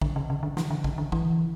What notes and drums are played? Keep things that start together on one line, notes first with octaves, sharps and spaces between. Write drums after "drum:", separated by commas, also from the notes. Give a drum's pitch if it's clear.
D3, drum: kick
C#3
C#3
D3
E3, drum: snare
D3
C#3, drum: kick
D3
E3, drum: kick